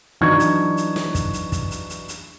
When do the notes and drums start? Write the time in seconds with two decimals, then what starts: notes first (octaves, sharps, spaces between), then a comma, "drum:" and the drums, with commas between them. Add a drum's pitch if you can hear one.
0.21 E3 F#3 D4 D#4 C#6 G#6
0.40 drum: hi-hat
0.77 drum: hi-hat
0.96 drum: snare
1.15 drum: kick, hi-hat
1.33 drum: hi-hat
1.52 drum: kick, hi-hat
1.71 drum: hi-hat
1.90 drum: hi-hat
2.08 drum: hi-hat